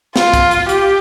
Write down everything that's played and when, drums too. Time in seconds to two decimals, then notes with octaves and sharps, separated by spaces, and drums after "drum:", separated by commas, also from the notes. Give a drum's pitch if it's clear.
0.16 F4, drum: snare
0.34 drum: kick, hi-hat
0.51 drum: hi-hat
0.69 G4, drum: hi-hat